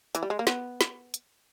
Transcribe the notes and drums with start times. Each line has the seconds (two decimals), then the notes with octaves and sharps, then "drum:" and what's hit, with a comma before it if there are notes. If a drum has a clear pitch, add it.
0.15 E3, drum: hi-hat
0.23 G3
0.30 G#3
0.39 A#3
0.47 B3, drum: snare
0.81 drum: snare
1.14 drum: hi-hat